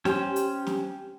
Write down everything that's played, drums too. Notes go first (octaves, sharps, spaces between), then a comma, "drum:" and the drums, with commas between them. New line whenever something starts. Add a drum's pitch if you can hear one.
C#4 G4 C5, drum: snare
drum: hi-hat
drum: snare